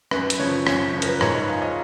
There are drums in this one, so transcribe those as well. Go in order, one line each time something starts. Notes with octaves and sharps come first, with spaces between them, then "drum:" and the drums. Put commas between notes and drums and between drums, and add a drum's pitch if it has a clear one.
F#2 B4, drum: rim click
drum: hi-hat
C#3 F3 C#5
F#2 C#5, drum: rim click
C#3 F3
A#4, drum: hi-hat
B4
G#2 C#5, drum: rim click
D#5
F3 F5
D#5